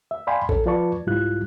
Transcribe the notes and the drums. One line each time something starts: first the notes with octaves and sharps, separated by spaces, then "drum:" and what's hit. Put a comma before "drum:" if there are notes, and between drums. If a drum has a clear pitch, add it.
E5
D5 F5 G5 G#5 B5 C6
A4 C#5, drum: kick A#1
F3 F4 B4 D5 A5 C#6
C2 G#2 G3 E4 F4 F#6